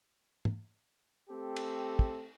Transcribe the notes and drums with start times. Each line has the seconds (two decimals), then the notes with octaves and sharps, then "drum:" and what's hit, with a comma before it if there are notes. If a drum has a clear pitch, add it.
0.45 drum: tom
1.30 A3 C4 G4 A4
1.56 drum: cymbal
1.99 drum: kick